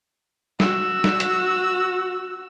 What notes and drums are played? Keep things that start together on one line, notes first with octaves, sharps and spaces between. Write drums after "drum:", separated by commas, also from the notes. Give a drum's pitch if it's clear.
F#4 E6, drum: snare
drum: snare
drum: hi-hat